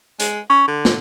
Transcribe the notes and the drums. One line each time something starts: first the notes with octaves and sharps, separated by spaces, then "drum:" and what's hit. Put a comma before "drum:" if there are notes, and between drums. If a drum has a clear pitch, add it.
G#3, drum: hi-hat
C#4
D3
drum: snare